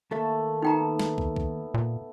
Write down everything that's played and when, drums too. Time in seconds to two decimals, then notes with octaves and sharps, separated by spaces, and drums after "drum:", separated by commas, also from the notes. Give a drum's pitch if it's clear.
0.11 D#2 A3 A#3 A4 E5
0.62 B3 D#4 G5 A#5
0.99 drum: snare
1.18 drum: kick
1.36 drum: kick
1.74 A#2